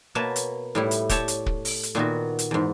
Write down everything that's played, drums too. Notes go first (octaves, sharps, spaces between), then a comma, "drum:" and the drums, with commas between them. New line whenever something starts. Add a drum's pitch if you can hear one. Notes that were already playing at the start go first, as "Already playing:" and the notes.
B2 A#3 B4 C#5 A5
drum: hi-hat
A2 G3 E4
drum: hi-hat
G4 A4 C#5 A5, drum: kick, hi-hat
drum: hi-hat
drum: kick
drum: open hi-hat
drum: hi-hat
A#2 D#3 B3 F#4
drum: hi-hat
E2 G#2